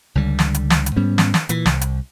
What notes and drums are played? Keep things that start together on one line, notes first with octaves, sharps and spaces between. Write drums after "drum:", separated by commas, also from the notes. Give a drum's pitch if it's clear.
C#2 D3 G3
drum: snare
drum: hi-hat
drum: snare
drum: hi-hat
G#2 G3 B3 C#4
drum: snare
drum: snare
A#2 E3, drum: hi-hat
C2, drum: snare
drum: hi-hat